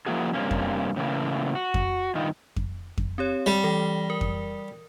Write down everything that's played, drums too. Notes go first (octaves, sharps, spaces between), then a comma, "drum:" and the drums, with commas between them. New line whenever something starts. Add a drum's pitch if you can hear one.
F3 A#3 E4 F#4 G#4
G2 C3 A#3 C#4
drum: kick F2
A2 C#3 E3 A#3
F#4
drum: kick F2
G2 D#3 D#4 F4
drum: kick F2
drum: kick F2
C4 G4 C#5
G3
E3 A4 A#6
A#4
drum: kick F2